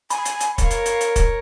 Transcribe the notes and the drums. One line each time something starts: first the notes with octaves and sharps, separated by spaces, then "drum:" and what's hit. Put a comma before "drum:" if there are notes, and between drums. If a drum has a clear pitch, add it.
G#5 B5, drum: hi-hat
drum: hi-hat
drum: hi-hat
A#4 C#5 F5, drum: kick, hi-hat
drum: hi-hat
drum: hi-hat
drum: hi-hat
drum: kick, hi-hat